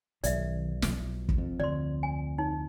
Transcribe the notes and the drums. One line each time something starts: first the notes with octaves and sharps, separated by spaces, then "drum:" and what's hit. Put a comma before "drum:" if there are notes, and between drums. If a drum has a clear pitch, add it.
B1 D#3 D5 E5, drum: hi-hat
B2 F3, drum: snare
drum: kick
F2
D2 D5 C6
G#5
D#4